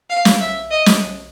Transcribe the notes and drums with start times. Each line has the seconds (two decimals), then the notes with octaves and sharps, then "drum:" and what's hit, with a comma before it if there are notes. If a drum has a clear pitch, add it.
0.10 F5
0.25 drum: snare
0.41 E5
0.71 D#5
0.86 drum: snare